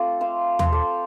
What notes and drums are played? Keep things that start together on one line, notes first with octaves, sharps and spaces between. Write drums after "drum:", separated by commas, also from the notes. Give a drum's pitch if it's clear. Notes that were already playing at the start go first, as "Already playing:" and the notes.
Already playing: A3 C4 F4 A4 D5
C5 F5
C5 F5, drum: tom D#2
A4 D5